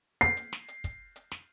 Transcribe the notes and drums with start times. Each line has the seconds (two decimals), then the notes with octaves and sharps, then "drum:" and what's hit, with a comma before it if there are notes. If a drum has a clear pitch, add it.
0.21 C7, drum: hi-hat
0.37 drum: hi-hat
0.53 drum: snare
0.68 drum: hi-hat
0.84 drum: kick, hi-hat
1.16 drum: hi-hat
1.31 drum: snare